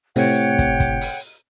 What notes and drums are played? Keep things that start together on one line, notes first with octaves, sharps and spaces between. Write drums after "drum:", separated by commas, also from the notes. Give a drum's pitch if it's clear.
A2 C3 C#5 F#5 G5, drum: open hi-hat
drum: kick, hi-hat
drum: kick, hi-hat
drum: open hi-hat